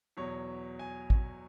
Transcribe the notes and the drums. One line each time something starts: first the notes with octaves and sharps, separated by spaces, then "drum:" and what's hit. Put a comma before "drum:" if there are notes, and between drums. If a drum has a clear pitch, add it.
E2 B2 F#3 C#5
G#5
drum: kick